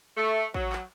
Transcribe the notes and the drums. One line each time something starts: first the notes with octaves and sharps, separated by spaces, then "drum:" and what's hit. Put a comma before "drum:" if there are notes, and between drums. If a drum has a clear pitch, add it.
A3
F#3, drum: kick A1
drum: clap